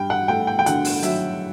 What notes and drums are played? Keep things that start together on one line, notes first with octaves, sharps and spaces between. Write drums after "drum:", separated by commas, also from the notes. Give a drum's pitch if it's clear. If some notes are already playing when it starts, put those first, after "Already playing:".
Already playing: G2 G5
F#5
A3 G5
G5
G5
D3 F#5, drum: hi-hat
drum: open hi-hat
F#3 E5, drum: hi-hat